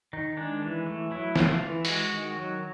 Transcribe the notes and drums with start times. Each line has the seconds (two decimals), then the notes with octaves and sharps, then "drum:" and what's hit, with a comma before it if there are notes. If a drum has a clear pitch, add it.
0.13 D#3 D#4
0.37 G#3 D4
0.62 E3
0.86 A3
1.11 F#3 E4
1.36 A3 F4, drum: snare
1.61 E3
1.85 G#3 F#4, drum: open hi-hat
2.10 D#3
2.35 F#3